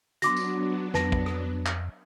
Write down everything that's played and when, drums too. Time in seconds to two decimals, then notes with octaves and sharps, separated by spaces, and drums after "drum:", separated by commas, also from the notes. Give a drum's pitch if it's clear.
0.22 F#3 B3 D4 F#4 C6 D6 A#6, drum: hi-hat
0.37 drum: tambourine
0.94 F2 B4 A5 A#6, drum: snare
1.12 drum: kick
1.26 drum: rim click
1.66 drum: clap